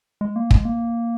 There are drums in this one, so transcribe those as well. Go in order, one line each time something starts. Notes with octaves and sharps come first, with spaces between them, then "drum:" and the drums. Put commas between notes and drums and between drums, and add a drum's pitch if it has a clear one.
G#3
A#3
G#3, drum: kick
A#3